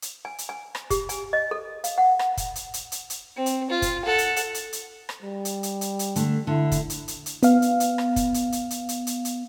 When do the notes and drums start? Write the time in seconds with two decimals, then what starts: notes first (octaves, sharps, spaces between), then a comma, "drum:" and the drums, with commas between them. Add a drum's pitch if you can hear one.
0.02 drum: hi-hat
0.25 G#5
0.38 drum: hi-hat
0.49 G#5
0.75 drum: rim click
0.90 G4, drum: kick, hi-hat
1.09 G#5, drum: hi-hat
1.33 D#5
1.51 A4
1.84 F5, drum: hi-hat
1.98 F#5
2.19 F#5, drum: rim click
2.37 drum: kick, hi-hat
2.55 drum: hi-hat
2.74 drum: hi-hat
2.92 drum: hi-hat
3.10 drum: hi-hat
3.36 C4
3.46 drum: hi-hat
3.70 F4
3.82 drum: kick, hi-hat
4.04 A4 F#5
4.18 drum: hi-hat
4.36 drum: hi-hat
4.54 drum: hi-hat
4.73 drum: hi-hat
5.09 drum: rim click
5.23 G3
5.45 drum: hi-hat
5.63 drum: hi-hat
5.81 drum: hi-hat
5.99 drum: hi-hat
6.16 D3 A3, drum: hi-hat
6.47 D3 E4
6.72 drum: kick, hi-hat
6.90 drum: hi-hat
7.08 drum: hi-hat
7.26 drum: hi-hat
7.43 B3 F5, drum: hi-hat
7.62 drum: hi-hat
7.80 drum: hi-hat
7.98 drum: rim click
8.16 drum: kick, hi-hat
8.34 drum: hi-hat
8.52 drum: hi-hat
8.70 drum: hi-hat
8.89 drum: hi-hat
9.07 drum: hi-hat
9.25 drum: hi-hat